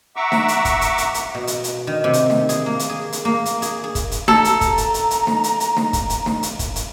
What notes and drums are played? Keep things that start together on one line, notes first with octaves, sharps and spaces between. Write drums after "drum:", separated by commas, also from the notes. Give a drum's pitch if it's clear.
E5 F#5 A#5 C#6 D6 E6
drum: snare
drum: hi-hat
drum: kick, hi-hat
drum: hi-hat
drum: hi-hat
drum: hi-hat
B2
drum: hi-hat
drum: hi-hat
D#3
C3
drum: hi-hat
drum: snare
G#4, drum: hi-hat
A#3
drum: hi-hat
G#4
drum: hi-hat
A#3
drum: hi-hat
G#4, drum: hi-hat
G#4
drum: kick, hi-hat
drum: hi-hat
A4 A#5, drum: snare
drum: hi-hat
drum: kick, hi-hat
drum: hi-hat
drum: hi-hat
drum: hi-hat
drum: snare
drum: hi-hat
drum: hi-hat
drum: snare
drum: kick, hi-hat
drum: hi-hat
drum: snare
drum: hi-hat
drum: kick, hi-hat
drum: hi-hat